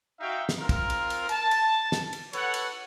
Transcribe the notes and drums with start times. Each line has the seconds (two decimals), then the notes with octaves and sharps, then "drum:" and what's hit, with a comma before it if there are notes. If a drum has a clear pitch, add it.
0.20 D#4 F#4 E5 F5 G5
0.49 drum: snare
0.60 C4 F4 A#4
0.69 drum: kick, cymbal
0.90 drum: cymbal
1.10 drum: cymbal
1.29 A5, drum: cymbal
1.51 drum: cymbal
1.92 drum: snare
2.13 drum: cymbal
2.33 A4 B4 C#5 F#5, drum: cymbal
2.54 drum: cymbal